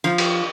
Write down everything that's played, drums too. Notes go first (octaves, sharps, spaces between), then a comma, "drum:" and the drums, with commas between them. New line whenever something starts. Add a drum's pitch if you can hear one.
F3
drum: cymbal